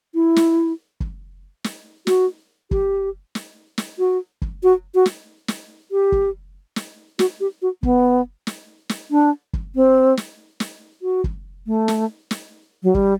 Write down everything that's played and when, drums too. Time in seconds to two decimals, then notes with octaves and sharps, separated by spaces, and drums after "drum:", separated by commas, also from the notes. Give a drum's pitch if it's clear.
0.15 E4
0.36 drum: snare
1.00 drum: kick F#1
1.64 drum: snare
2.07 F#4, drum: snare
2.71 G4, drum: kick F#1
3.35 drum: snare
3.78 drum: snare
3.99 F#4
4.42 drum: kick F#1
4.63 F#4
4.95 F#4
5.06 drum: snare
5.48 drum: snare
5.91 G4
6.12 drum: kick F#1
6.76 drum: snare
7.19 F#4, drum: snare
7.40 G4
7.62 F#4
7.83 B3, drum: kick F#1
8.47 drum: snare
8.89 drum: snare
9.11 D4
9.53 drum: kick F#1
9.75 C4
10.17 drum: snare
10.60 drum: snare
11.02 F#4
11.24 drum: kick F#1
11.67 A3
11.88 drum: snare
12.31 drum: snare
12.83 F#3
12.94 G3, drum: kick F#1